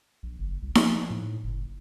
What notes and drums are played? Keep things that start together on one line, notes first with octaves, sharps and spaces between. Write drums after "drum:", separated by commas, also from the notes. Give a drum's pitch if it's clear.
A#1
F#1
C2
F3, drum: snare D#4
A2
F#1